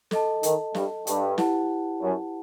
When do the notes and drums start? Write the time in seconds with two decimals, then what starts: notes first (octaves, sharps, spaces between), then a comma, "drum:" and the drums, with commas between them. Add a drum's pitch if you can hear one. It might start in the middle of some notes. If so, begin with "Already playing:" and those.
0.11 A4 D#5 A5, drum: snare
0.43 D#3, drum: hi-hat
0.74 G2, drum: snare
1.07 G2, drum: hi-hat
1.38 E4 G4 B4 F#5 A5, drum: snare
2.02 F#2